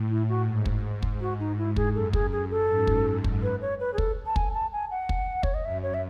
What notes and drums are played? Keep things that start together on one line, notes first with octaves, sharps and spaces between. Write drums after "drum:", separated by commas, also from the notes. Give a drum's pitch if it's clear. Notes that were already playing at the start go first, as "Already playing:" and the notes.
Already playing: A2
E4
F#4
G#2
drum: kick
drum: kick
F#4
D#4
E4
G#4, drum: kick
F#2 A4
G#4, drum: kick
G#4
A4
G#2
drum: kick
drum: kick
B4
C#5
B4
G#4
A4, drum: kick
A5
G#5, drum: kick
A5
G#5
F#5
drum: kick
C#5, drum: kick
D#5
F#2 E5
C#5
E5